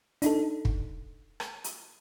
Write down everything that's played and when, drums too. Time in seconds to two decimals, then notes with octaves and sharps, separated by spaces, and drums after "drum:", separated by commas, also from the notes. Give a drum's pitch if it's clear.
0.22 D4 D#4 A4, drum: hi-hat
0.65 drum: kick
1.40 drum: rim click
1.64 drum: hi-hat